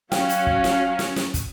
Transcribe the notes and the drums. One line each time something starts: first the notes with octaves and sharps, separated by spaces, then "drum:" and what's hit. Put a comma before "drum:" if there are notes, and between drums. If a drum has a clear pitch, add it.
F#3 C#4 F#4 F5 G5, drum: snare
drum: hi-hat
drum: kick
drum: snare
drum: snare
drum: snare
drum: kick, hi-hat